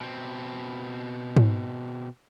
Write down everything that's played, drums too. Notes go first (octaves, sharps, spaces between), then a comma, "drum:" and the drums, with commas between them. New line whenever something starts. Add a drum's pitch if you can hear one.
B2 C4
drum: tom G#2